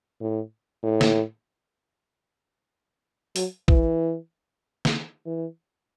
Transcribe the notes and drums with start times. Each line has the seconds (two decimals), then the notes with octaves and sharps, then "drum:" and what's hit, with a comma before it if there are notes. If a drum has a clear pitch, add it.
0.21 A2
0.83 A2
1.01 drum: snare
3.36 F#3, drum: open hi-hat
3.68 E3, drum: kick
4.85 drum: snare
5.26 E3